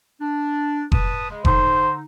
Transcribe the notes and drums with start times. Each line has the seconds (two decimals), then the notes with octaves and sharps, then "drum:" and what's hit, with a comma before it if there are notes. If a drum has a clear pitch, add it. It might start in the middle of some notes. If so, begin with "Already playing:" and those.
0.20 D4
0.92 B4 A5 D#6, drum: kick F1
1.29 C#3 G#3
1.45 D3 D#4 C5, drum: kick F1